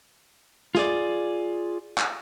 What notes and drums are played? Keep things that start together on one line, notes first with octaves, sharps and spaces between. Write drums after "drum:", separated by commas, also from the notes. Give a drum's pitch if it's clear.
F4 G#4 D5, drum: snare
drum: clap